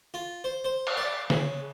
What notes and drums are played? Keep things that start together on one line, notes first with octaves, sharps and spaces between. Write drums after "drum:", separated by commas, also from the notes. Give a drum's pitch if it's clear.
F4
C5
C5
drum: cymbal
D5
C#3, drum: snare